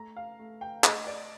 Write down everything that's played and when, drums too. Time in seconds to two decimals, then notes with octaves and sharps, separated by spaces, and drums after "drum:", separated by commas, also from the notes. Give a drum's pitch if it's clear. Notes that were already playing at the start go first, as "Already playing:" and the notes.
Already playing: A3 A#5
0.16 F5
0.39 A3
0.61 G5
0.84 A3 D#5, drum: clap
1.07 D5